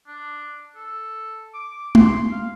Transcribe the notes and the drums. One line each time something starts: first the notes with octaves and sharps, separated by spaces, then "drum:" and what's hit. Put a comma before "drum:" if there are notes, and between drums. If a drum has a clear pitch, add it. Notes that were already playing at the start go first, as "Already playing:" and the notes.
D4
A4
D6
C6, drum: tom G#3
F5